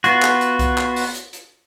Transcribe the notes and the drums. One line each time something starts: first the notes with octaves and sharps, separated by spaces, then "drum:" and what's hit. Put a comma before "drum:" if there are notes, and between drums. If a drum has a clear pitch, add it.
B3 F4 F#4, drum: hi-hat
drum: clap
drum: hi-hat
drum: kick C2, hi-hat
drum: clap
drum: open hi-hat
drum: hi-hat
drum: hi-hat